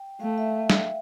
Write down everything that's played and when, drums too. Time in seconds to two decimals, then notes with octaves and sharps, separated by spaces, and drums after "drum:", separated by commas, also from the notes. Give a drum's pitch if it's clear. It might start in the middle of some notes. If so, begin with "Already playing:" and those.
Already playing: G5
0.20 A3 F5
0.38 E5
0.70 drum: snare